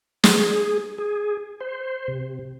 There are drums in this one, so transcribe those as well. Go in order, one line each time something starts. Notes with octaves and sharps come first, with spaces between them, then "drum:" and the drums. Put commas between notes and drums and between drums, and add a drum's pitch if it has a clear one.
G#4, drum: snare
G#4
C5
C3